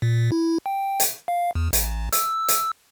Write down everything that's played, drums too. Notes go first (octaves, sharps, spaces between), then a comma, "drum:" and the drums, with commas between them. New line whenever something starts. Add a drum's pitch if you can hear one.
A#2
E4
G5
drum: hi-hat
F5
E2
A1, drum: hi-hat
E6, drum: hi-hat
drum: hi-hat